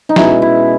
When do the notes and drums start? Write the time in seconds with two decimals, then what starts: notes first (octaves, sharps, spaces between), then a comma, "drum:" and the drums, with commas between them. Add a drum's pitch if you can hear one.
0.09 D#4
0.16 B2 G#3 C#4 E4, drum: snare
0.42 E4